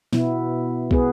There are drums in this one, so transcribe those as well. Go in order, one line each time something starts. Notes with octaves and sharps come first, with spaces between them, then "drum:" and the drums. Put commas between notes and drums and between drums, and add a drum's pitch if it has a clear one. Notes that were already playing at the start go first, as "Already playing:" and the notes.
B2 B3 E4, drum: snare
B3 G#4 B4, drum: kick